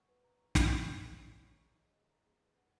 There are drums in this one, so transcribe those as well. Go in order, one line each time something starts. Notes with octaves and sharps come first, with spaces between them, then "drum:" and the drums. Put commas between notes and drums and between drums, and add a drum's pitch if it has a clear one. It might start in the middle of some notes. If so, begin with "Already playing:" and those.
Already playing: F#5 C#6
B4
A#5
C#6
C#6, drum: snare
C#5
G#5
C#5
C#6
C#5
A#5
G#4
D#5
G#4
A#5
G#4
B4
F#5